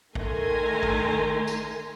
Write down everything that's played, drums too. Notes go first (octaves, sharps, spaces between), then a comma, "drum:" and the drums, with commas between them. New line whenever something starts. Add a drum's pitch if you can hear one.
D#3 A3 G#5 A#5 C6, drum: kick
drum: kick
drum: tambourine